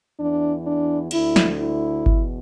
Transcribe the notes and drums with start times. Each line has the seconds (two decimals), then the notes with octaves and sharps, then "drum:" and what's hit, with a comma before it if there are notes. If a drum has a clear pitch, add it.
0.17 E2 E3 D4
0.64 D4
1.11 D2 D3 E4, drum: cymbal
1.36 drum: snare
1.58 E4
2.06 E2 B2, drum: kick G1